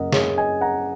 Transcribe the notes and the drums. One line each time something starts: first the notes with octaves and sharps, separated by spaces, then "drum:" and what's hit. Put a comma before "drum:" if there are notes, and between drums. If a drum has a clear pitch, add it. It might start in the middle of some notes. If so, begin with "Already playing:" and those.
Already playing: F#2 C#3 A#3 A#4 D#5 F#5
G#4 C#5, drum: snare
D#5 G#5
F#5 A#5